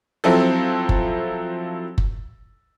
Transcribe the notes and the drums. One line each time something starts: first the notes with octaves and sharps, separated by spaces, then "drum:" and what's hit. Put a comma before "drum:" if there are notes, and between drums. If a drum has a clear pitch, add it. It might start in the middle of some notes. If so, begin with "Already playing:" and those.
F3 F#3 C4 E4 A4
drum: kick F#1
drum: kick F#1